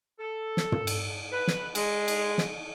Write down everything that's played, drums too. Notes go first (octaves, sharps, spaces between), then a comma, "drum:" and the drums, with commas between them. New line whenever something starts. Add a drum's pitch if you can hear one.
A4
drum: snare
drum: tom
drum: cymbal
B4
drum: snare
G#3, drum: cymbal
drum: cymbal
drum: snare